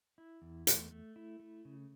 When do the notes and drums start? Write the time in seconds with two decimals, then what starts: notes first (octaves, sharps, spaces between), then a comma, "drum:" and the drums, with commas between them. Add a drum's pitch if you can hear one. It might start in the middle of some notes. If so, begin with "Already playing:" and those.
0.18 E4
0.42 E2
0.67 A3, drum: hi-hat
0.91 A3
1.16 E4
1.40 A3
1.65 C#3